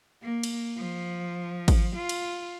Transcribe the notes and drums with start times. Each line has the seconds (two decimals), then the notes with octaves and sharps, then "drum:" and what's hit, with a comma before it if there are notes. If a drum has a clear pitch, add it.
0.23 A#3
0.43 drum: cymbal
0.78 F3
1.68 drum: kick, cymbal
1.97 F4
2.09 drum: cymbal